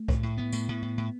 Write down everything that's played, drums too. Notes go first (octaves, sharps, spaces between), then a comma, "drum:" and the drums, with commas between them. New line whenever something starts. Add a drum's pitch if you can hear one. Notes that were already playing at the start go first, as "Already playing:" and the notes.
Already playing: A3
A2, drum: kick C2
A2
A2 B3
A2, drum: tambourine
A2
A2
A2